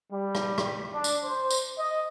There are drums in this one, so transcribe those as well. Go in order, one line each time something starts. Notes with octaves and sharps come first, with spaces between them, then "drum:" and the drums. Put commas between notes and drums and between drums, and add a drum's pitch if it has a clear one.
G3
drum: rim click
drum: rim click
D4
drum: tambourine
C5
drum: tambourine
D#5